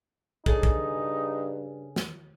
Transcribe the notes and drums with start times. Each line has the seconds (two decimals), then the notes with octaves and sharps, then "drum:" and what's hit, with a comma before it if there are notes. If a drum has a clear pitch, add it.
0.46 G2 C#3 D#4 G#4 A4, drum: kick
0.63 drum: kick
1.96 drum: snare